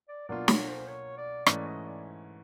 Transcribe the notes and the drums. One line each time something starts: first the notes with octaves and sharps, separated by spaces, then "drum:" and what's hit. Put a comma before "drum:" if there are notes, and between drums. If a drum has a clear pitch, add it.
D5
B2 F#3 A#3 D4 F4 D5
C#5, drum: snare
C5
C#5
D5
G#2 E3 A3 C#4 D5, drum: rim click
D#5
D5